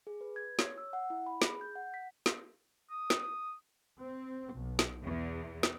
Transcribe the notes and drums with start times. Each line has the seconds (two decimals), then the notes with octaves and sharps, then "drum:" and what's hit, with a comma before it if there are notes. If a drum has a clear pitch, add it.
0.07 G#4
0.21 B4
0.36 G#6
0.59 C#5, drum: snare
0.78 E6
0.93 F#5
1.10 E4
1.26 B5
1.42 G#4, drum: snare
1.61 G6
1.75 F#5
1.94 B6
2.26 drum: snare
2.90 D#6
3.10 drum: snare
4.00 C4
4.54 B1
4.79 drum: snare
5.05 E2
5.63 drum: snare